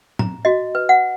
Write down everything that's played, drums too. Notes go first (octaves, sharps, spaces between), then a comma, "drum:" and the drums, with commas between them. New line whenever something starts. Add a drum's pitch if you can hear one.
A#5, drum: tom
F#4 D#5
B4
F#5